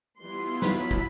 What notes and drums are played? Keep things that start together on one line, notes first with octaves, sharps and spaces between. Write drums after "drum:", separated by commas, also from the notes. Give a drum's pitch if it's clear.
E3 G3 B3 E4 F4 C6
F#3 B4 B5, drum: snare
drum: kick